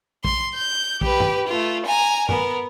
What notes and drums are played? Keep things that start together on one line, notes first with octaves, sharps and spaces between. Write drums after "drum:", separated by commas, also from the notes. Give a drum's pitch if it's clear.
C6, drum: kick
G6
G4 B4, drum: kick
drum: tom G2
A3 F4
G#5 A#5
B3 A#4, drum: tom G2